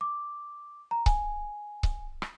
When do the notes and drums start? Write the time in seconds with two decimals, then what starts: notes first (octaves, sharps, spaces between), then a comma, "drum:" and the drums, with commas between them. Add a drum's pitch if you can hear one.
0.01 D6
0.91 A#5
1.06 G#5, drum: kick C#1
1.83 drum: kick C#1
2.22 drum: rim click